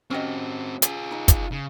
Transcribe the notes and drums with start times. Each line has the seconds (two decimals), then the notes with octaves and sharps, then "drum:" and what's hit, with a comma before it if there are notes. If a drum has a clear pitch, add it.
0.11 C4 C#4 F#4 G4 D#5
0.82 F4 G#4, drum: hi-hat
1.11 D#4 D#5
1.28 drum: kick, hi-hat
1.52 C#3